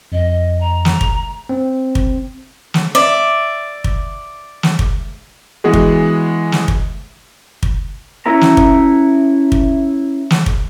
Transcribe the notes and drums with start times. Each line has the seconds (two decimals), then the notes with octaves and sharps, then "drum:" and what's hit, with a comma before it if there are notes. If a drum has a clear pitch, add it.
0.12 F2 D#5
0.60 A#5
0.85 drum: snare
1.01 drum: kick
1.49 C4
1.95 drum: kick
2.74 drum: snare
2.95 D5 E5
3.84 drum: kick
4.63 drum: snare
4.79 drum: kick
5.64 E3 G#3 B3 F#4 G#4
5.73 drum: kick
6.52 drum: snare
6.68 drum: kick
7.63 drum: kick
8.26 C#4 E4 B4 A#5
8.41 drum: snare
8.57 drum: kick
9.52 drum: kick
10.30 drum: snare
10.46 drum: kick